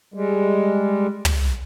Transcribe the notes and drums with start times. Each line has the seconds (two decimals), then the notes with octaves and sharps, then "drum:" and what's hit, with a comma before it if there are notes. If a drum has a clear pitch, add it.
0.14 G3 G#3
1.25 drum: tom